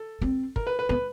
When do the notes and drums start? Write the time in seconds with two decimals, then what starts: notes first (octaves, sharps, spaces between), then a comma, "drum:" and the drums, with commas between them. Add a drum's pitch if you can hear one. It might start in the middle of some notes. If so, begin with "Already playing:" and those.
Already playing: A4
0.22 C4, drum: kick
0.56 A#4, drum: kick
0.67 B4
0.79 B4
0.89 B3 B4